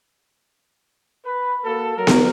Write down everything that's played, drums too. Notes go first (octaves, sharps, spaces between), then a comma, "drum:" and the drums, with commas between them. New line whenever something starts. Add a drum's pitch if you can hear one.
B4
A#3 F#4 A4
F#3 A#4
drum: snare B3